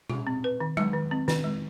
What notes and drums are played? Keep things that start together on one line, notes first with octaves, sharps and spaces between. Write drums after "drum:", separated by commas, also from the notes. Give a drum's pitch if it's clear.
F4, drum: tom B2
C4
B4
D#3
G#3, drum: tom F#3
D#3
C4
D#3, drum: snare
G#3